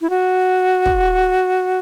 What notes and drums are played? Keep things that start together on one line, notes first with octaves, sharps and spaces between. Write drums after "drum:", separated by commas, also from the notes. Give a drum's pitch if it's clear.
E4
F#4
drum: kick